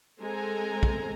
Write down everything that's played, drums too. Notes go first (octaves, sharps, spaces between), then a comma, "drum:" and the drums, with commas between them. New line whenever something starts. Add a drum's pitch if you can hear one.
G#3 C4 A4 C5 G#5 A#5
drum: kick